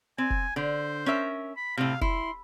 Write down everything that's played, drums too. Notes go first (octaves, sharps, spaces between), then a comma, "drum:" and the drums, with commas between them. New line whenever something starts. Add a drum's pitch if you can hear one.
C4 G#5
drum: kick F1
D3 C5
C#4 A#4 E5
B5
A2 C3 F5
E4 C6, drum: kick F1